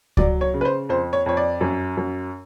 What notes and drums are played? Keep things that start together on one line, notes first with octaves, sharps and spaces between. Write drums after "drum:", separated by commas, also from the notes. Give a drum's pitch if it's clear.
F#3 D5, drum: kick C#2
C#5
C#3
B4
C5
F2 C5
C#5
F2 C#5
D5
F#2
F#2